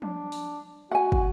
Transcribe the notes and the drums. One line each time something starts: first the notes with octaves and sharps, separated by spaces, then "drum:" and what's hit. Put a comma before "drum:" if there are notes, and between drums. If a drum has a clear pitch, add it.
D4, drum: tom F3
drum: open hi-hat
F#4 F#5 G#5
drum: kick